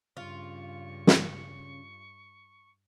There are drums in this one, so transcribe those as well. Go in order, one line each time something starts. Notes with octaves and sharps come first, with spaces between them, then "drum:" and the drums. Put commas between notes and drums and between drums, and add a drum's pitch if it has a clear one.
G2 C#3 F4 C#6
drum: snare